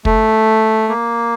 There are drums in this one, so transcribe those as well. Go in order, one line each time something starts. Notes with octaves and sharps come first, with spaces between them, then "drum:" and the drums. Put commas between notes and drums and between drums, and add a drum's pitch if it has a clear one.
A3, drum: kick
A#3